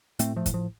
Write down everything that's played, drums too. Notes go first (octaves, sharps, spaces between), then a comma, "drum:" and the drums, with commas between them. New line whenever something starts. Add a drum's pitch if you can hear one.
A2 A3 C4, drum: hi-hat
F3 A3
A2, drum: kick, hi-hat
F3